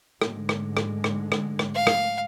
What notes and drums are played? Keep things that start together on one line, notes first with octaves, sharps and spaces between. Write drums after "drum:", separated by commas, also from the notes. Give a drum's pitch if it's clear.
G#2 D3 G#3, drum: rim click
drum: rim click
drum: rim click
drum: rim click
drum: rim click
drum: rim click
F5
drum: rim click